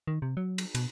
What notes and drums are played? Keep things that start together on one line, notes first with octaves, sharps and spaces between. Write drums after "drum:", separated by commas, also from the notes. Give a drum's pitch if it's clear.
D#3
C3
F#3
drum: cymbal
B2, drum: cymbal